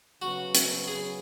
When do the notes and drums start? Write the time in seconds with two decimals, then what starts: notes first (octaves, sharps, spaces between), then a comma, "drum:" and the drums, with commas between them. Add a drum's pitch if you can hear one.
0.22 C#3 F#3 B3 F#4
0.55 drum: hi-hat
0.87 G#4